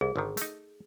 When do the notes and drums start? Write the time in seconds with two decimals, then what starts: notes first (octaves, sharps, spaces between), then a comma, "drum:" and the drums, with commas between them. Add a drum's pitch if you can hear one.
0.01 C2 G#4
0.16 G#1 D3 D#3
0.37 A3 D#4, drum: hi-hat